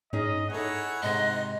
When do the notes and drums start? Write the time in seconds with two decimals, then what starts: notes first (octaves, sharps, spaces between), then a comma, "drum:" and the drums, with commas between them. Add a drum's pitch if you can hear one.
0.13 C#4 D#4 G#4 D#5, drum: tom G2
0.50 D#4 E4 G#4 A4 C#5 F#5
1.02 G#2 C3 D#4 D#5 C6